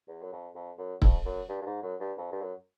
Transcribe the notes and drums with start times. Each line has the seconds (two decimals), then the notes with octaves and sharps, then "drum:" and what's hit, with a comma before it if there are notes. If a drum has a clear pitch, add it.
0.08 E2
0.22 F#2
0.32 F2
0.55 F2
0.78 F#2
1.02 F2, drum: kick
1.25 F#2
1.49 G2
1.62 G2
1.66 G#2
1.83 F#2
2.00 G2
2.18 F2
2.32 G2
2.42 F#2